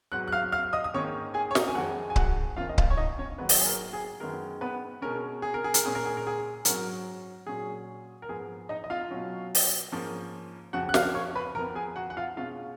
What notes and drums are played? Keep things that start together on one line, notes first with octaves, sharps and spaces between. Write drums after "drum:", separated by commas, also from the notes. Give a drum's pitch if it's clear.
G#2 F#3 B3 F#5 F#6
F#6
F5 F6
F5 F6
D#5 D#6
D#6
G#2 D#3 A#3 C#4 C#5 C#6
G#4 G#5
C#5
D#4 D#5, drum: snare
G#5
F2 D#3 G#3 F#4 F#5
G#5
F#4 F#5, drum: kick C#1
F2 D#3 A#3 C#4 F4 F5
D#5
F4 F5, drum: kick C#1
C#5
D#4 D#5
C#4 C#5
G#2 D#3 F#3 A#3 B3 B4
drum: open hi-hat
G#4
A#4
G#4
F#2 D#3 G#3 B3 A#4
B3 B4
B2 G#3 C#4 A#4
G#4
A#4
G#4
A#4, drum: hi-hat
A#2 G#3 C#4 G#4
A#4
G#4
A#4
G#4
G#2 F#3 C#4 A#4, drum: hi-hat
A#2 F#3 C#4 G#4
A#4
G#2 F3 B3 G#4
D#4 D#5
D#5
F4 F5
B2 F#3 C#4
drum: open hi-hat
G#2 F3 A#3 C#4
F2 C#3 F3 F#4 F#5
F#6
F5 F6, drum: snare
C#5 C#6
B4 B5
F2 F3 B3 A#4 A#5
G#4 G#5
F#4 F#5
F#5
F4 F5
B2 G#3 C#4 F4 F5